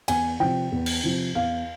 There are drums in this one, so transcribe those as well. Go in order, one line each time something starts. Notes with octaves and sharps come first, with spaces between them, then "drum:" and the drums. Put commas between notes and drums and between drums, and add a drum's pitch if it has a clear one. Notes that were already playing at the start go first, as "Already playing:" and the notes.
E2 G#5, drum: cymbal
C3 F3 G5
E2
drum: cymbal
C3 F3
E2 F5